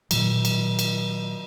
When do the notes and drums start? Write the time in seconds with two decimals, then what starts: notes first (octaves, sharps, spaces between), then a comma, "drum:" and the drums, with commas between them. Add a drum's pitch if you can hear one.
0.11 A#2 D#3 F#3, drum: cymbal
0.45 drum: cymbal
0.79 drum: cymbal